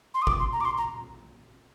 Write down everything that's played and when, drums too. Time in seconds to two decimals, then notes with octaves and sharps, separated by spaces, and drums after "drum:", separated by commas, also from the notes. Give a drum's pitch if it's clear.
0.14 C6
0.22 D#6
0.27 D6, drum: kick G1
0.40 C6
0.53 A#5
0.61 D6
0.65 C6
0.78 A#5